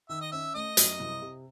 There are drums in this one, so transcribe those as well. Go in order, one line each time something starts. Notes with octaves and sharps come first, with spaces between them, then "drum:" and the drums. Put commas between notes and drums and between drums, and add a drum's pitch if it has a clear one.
D#3 E5
D#5
C#4 E5
A3 D#5
F#2, drum: hi-hat
C2
C3